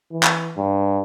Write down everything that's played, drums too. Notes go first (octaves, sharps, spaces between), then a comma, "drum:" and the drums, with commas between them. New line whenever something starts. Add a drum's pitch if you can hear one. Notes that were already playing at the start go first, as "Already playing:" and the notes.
E3
drum: clap
G2